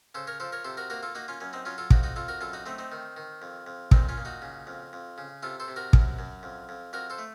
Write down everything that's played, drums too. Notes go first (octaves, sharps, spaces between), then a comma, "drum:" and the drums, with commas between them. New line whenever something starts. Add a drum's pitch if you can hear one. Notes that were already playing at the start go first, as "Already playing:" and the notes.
C#3 A4 C5
A#4 C#5
F3 A4 C5
A#4 C#5
C3 A4 C5
F#4 A#4
A#3 F#4 A#4
F4 A4
A#3 D#4 F#4
C#4 F4
F#2 C#4
C4 D#4
F#3 C#4 F4
F4 A4
F2 D#4 F#4, drum: kick
D#4 F#4
F2 F4 A4
F#4 A#4
F#2 F4 A4
D#4 F#4
A3 C4 D#4
C4 D#4
D#3
D#3
F2
F2
A#2 C4 D#4, drum: kick
C#4 F4
A#2
D#4 F#4
C#3
F2
F2
C#3
C3 F4 A4
A4 C5
C3
F#4 A#4
F#2, drum: kick
F#2
F2
F2
F2 F#4 A#4
A4 C5
A3